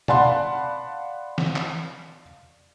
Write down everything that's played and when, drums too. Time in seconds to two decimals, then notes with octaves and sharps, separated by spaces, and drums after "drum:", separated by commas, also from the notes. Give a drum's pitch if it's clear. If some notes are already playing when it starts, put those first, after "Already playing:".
0.08 D5 F5 F#5 A5 B5 C6, drum: tom
1.38 drum: snare
1.56 drum: clap